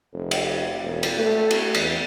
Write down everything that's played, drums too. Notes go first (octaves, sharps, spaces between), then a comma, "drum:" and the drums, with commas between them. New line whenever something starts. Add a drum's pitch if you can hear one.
F1
drum: cymbal
E1
drum: cymbal
A3
drum: cymbal
E2, drum: cymbal